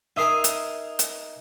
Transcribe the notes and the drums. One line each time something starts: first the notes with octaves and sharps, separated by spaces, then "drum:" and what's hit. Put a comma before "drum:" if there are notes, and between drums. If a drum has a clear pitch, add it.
D#4 A#4 E5 G#5 D#6 C7
drum: hi-hat
drum: hi-hat